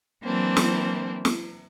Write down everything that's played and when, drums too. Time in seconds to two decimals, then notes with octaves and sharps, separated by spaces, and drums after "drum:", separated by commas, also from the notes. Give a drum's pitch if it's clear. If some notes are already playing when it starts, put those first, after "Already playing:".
0.22 E3 F#3 A#3 C4 D4
0.57 drum: snare
1.25 drum: snare